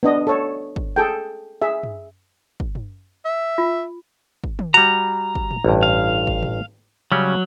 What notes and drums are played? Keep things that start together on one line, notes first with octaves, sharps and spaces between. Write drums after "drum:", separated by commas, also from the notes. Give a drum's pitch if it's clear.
B3 D4 D#5
A4 C#5
drum: kick
G#4 A4 G5
G#4 E5
drum: tom
drum: kick
drum: tom
E5
F4
drum: kick
drum: tom
G3 F#4 A#5
drum: kick
drum: tom
A1 G2
F5
drum: kick
drum: tom
C#3 F#3 G3 C#4